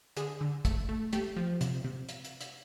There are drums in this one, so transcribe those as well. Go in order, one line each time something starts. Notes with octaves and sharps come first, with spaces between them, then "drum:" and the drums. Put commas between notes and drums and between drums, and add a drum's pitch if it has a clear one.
D3 G#4, drum: hi-hat
D3
A3, drum: kick, hi-hat
A3
A3 G4, drum: hi-hat
F3
C3, drum: hi-hat
C3
drum: hi-hat
drum: hi-hat
drum: hi-hat